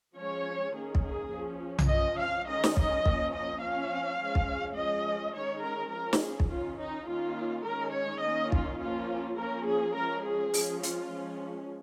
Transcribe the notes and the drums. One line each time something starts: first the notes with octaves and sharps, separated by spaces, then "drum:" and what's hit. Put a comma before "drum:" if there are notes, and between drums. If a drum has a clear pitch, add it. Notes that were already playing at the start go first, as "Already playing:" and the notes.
F3 G#3 C#4 C#5
D#3 A#3 C#4 G#4
drum: kick
G#4
F3 C#4
drum: tom B1
F3 C#4 D#5
F5
D#3 G#3 C#4 D#5
drum: snare
D#5, drum: kick
F3 A#3 C#4, drum: kick
D#5
F3 C#4 F5
F3 G#3 C#4
drum: kick
F3 G#3 C#4 D#5
D#3 G#3 C#4 C#5
A#4
F3 C#4 A#4
drum: snare
G#4
drum: kick
D#3 C#4 F4
D#4
D#3 A#3 C#4 F4
D#3 G#3 C#4 A#4
C#5
D#3 A#3 C#4 D#5
F4, drum: kick
F3 A#3 C#4 F4
F3 A#3 C#4 A#4
G#4
F3 G#3 C#4 A#4
G#4
F3 G#3 C#4, drum: open hi-hat
F4, drum: hi-hat
F3 G#3 C#4